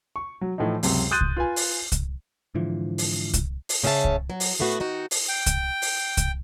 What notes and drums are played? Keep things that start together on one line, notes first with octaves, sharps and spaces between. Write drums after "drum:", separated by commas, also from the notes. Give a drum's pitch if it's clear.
C#6
F#3
A2 E3 F3 D#4
C#2 F#2 C3, drum: open hi-hat
C6 D#6 F#6 G6 A6 D#7
drum: kick C2
F4 B4 G#5
drum: open hi-hat
drum: kick C2, hi-hat
G#2 D3 E3 F3
drum: open hi-hat
drum: kick C2, hi-hat
drum: open hi-hat
G#2 C#3 C#4 G4 E5 A5
drum: kick C2
F#3
drum: open hi-hat
A2 A3 B3 F#4
D#3 D#4 F#4
drum: open hi-hat
G5
drum: kick C2, hi-hat
drum: open hi-hat
drum: kick C2, hi-hat